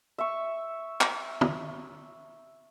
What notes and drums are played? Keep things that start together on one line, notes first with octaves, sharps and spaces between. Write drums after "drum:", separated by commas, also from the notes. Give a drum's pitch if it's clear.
E5 C#6
drum: clap
drum: tom